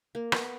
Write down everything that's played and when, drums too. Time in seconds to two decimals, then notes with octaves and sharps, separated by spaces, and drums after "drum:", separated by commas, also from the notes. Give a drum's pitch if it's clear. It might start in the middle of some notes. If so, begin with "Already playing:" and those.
0.15 A#3
0.32 B3, drum: rim click